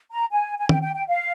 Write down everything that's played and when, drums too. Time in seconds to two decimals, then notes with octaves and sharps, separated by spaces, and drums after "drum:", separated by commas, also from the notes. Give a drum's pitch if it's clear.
0.12 A#5
0.31 G#5
0.58 G#5
0.69 G5, drum: tom D#3
0.82 G5
0.94 G5
1.07 F5